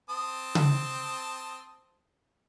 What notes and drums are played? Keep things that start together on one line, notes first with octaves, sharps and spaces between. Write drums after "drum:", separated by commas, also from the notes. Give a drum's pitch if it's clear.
C4 A5 D#6
drum: tom C#3